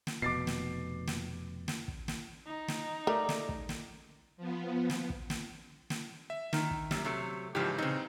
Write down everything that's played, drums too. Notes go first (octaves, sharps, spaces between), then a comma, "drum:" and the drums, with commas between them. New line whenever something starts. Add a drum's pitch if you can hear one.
drum: snare
F1 B2 D6 A6 C7
drum: snare
drum: snare
drum: snare
drum: kick
drum: snare
D#4
drum: snare
A3 A#4 D5
drum: snare
drum: kick
drum: snare
F3 B3
drum: snare
drum: kick
drum: snare
drum: snare
E5
D#3, drum: snare
drum: kick
F#2 G3, drum: snare
C3 F#3 A3
G#2 C#3 E3 F3 G4
A#2 C#3 C4 D#4